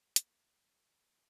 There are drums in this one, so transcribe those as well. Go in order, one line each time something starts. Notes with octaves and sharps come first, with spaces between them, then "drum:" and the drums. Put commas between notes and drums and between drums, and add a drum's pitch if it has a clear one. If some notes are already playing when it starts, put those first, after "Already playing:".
A#3 A#5, drum: hi-hat